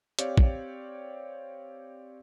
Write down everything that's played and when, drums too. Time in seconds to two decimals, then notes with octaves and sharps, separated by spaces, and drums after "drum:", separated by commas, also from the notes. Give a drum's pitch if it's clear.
0.19 C4 G4 C#5 D5 F5, drum: hi-hat
0.38 drum: kick